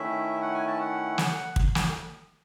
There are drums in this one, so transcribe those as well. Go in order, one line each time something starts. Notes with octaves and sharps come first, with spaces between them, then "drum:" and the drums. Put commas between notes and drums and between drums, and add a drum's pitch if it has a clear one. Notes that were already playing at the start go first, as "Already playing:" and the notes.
Already playing: D#3 A3 C#4 E4 E5
F#5
G#5
A5
F#5
drum: snare
drum: kick
drum: snare